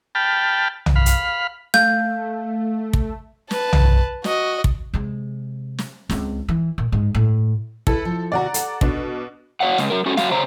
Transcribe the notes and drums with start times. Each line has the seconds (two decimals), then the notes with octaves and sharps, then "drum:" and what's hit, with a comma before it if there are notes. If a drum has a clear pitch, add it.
0.15 G5 A5 B5 F6
0.86 drum: tom
0.96 F5 B5
1.06 drum: hi-hat
1.74 A3 F5 G6, drum: snare
2.93 drum: kick
3.51 B4 A5, drum: snare
3.73 drum: tom
4.24 F#4 D#5, drum: snare
4.64 drum: kick
4.94 C3 G#3
5.78 drum: snare
6.10 C#2 C4, drum: snare
6.48 E3
6.78 A#2
6.92 G#2
7.15 A2
7.87 E4 A4 B4, drum: kick
8.05 F3
8.32 D#2 C3 F#4 D5 F#5 A#5
8.54 A4, drum: hi-hat
8.81 B2 D4, drum: kick
9.60 F#4 C#5 F5 F#5
9.78 C#3 G#3, drum: snare
9.90 F#3 A#4
10.06 C#4 F#4 A4
10.17 F#3 F#4 F5, drum: snare
10.31 C#3 C5 C#5 A#5